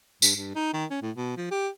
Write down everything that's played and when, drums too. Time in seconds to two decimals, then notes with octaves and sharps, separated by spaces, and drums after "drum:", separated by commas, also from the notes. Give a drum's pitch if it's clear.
0.22 G2, drum: tambourine
0.37 G2
0.55 D#4
0.74 D#3
0.91 C#4
1.02 A2
1.16 B2
1.37 F3
1.51 G4